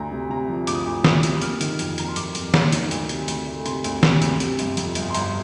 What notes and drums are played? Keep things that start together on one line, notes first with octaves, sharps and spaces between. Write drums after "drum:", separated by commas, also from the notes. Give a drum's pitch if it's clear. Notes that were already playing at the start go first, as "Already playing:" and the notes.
Already playing: D2 A#5
C3
C3 A#5
F3
D2 D6, drum: hi-hat
D#6
D2 D6
D6
D2 D#6, drum: snare
C3, drum: hi-hat
A#3 F6, drum: hi-hat
D#3, drum: hi-hat
F2 F6, drum: hi-hat
F2 A#5, drum: hi-hat
C6
F2 D6, drum: hi-hat
F2, drum: hi-hat
A#3 A#5, drum: snare
D#3, drum: hi-hat
D2, drum: hi-hat
C3, drum: hi-hat
D2, drum: hi-hat
A3
C3 C6, drum: hi-hat
D2, drum: hi-hat
C3, drum: snare
D2, drum: hi-hat
C3, drum: hi-hat
G1, drum: hi-hat
F2, drum: hi-hat
G1, drum: hi-hat
C6
G1 A#5, drum: hi-hat